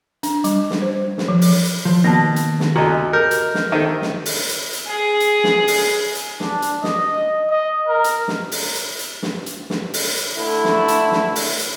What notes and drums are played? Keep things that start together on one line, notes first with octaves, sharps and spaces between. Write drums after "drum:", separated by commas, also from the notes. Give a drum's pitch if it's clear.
D4, drum: hi-hat
G3, drum: hi-hat
drum: snare
C5
drum: snare
F3
drum: open hi-hat
drum: hi-hat
F3
B2 D#3 A#3 A5 A#6
drum: hi-hat
drum: snare
D2 F#4 A4 D#5 A#5
A#4 G6
drum: hi-hat
drum: snare
D#3 A4 C5 E5 D#7
drum: snare
drum: open hi-hat
drum: hi-hat
drum: hi-hat
G#4
drum: hi-hat
drum: snare
drum: open hi-hat
drum: hi-hat
D4, drum: snare
drum: hi-hat
D#5, drum: snare
D#5
A#4
drum: hi-hat
drum: snare
drum: open hi-hat
drum: hi-hat
drum: hi-hat
drum: snare
drum: hi-hat
drum: snare
drum: open hi-hat
drum: hi-hat
D3 A3 E4
drum: snare
drum: hi-hat
drum: snare
drum: open hi-hat
drum: hi-hat